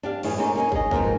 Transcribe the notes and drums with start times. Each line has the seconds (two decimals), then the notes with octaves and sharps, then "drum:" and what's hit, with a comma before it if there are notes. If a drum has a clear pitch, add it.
0.03 D4 G4 F5
0.23 F#2 A2 E3 G#4, drum: cymbal
0.38 D3 F#3 A#3 C4 C#4 D#4
0.55 A#3 C#4 D#4 G#5
0.72 G#4 C#5 D#5, drum: kick
0.91 F2 G#2 B2 A#3 A#4, drum: kick